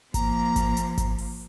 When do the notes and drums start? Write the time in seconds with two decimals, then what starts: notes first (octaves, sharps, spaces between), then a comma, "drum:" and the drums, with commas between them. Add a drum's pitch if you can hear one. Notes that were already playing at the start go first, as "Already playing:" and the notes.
0.14 F3 A#3 A#5, drum: kick G#1, hi-hat
0.56 drum: kick G#1, hi-hat
0.77 drum: hi-hat
0.98 drum: kick G#1, hi-hat
1.18 drum: open hi-hat